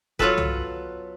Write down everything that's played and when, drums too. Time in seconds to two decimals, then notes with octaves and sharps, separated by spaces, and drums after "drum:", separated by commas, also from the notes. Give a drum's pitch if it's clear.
0.19 F#3 B3 F4 F#4 A4 B4, drum: kick E1
0.38 drum: tom C2